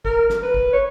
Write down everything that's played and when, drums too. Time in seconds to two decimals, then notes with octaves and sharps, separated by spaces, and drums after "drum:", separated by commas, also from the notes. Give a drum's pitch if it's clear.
0.05 A#4, drum: kick
0.30 drum: snare
0.42 B4
0.54 drum: kick
0.73 C#5